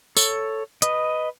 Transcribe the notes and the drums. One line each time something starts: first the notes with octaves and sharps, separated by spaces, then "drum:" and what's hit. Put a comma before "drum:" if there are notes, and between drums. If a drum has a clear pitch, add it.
A4 C#5, drum: tambourine
B4 D#5, drum: hi-hat